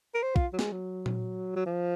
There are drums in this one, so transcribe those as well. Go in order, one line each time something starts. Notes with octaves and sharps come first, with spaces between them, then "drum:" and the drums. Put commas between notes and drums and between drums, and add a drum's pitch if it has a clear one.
A#4
C5
F4, drum: kick
F#3
G#3, drum: snare
F#3
drum: tom A#2
F#3
F3